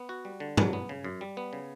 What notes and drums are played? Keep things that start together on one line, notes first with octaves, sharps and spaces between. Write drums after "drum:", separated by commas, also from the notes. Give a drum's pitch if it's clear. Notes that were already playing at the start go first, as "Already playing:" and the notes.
Already playing: B3
F#4
G3
D3
F#3, drum: tom G2
B3
C#3
F#2
G3
B3
C#3